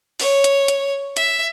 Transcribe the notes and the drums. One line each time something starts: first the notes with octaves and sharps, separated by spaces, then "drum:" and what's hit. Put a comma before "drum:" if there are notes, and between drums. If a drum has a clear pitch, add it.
C#5, drum: open hi-hat
drum: hi-hat
drum: hi-hat
E5, drum: hi-hat